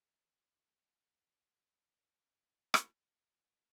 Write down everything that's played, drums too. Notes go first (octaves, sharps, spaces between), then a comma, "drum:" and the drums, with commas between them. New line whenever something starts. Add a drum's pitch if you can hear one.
E4
D4
C#5
drum: rim click
D4 F#4